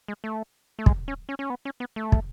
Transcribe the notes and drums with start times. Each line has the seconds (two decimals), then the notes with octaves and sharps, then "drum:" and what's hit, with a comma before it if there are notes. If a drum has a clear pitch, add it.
0.08 G#3
0.24 A3
0.79 A3
0.86 G#3, drum: kick
1.08 C#4
1.29 C#4
1.39 C#4
1.50 B3
1.65 C#4
1.80 B3
1.96 A3
2.12 drum: kick